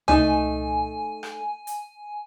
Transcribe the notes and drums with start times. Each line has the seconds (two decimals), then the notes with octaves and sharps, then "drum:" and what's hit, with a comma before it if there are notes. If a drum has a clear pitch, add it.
0.08 A3 D#4 G#5, drum: tom C#2
1.23 drum: rim click
1.67 drum: hi-hat